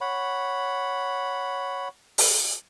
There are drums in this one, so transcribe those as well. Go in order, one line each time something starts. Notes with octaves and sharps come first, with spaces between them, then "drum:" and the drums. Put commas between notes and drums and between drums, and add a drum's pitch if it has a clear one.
C#5 F#5 B5
drum: open hi-hat